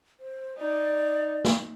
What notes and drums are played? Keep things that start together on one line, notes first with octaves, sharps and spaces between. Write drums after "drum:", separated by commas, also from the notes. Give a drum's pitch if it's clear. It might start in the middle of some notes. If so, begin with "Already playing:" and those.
C5
D#4 D5
drum: snare